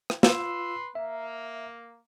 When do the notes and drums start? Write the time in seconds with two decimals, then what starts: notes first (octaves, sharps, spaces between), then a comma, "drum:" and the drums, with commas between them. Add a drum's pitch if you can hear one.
0.10 drum: rim click
0.23 F4 B4 C6 E6, drum: snare
0.95 A#3 E5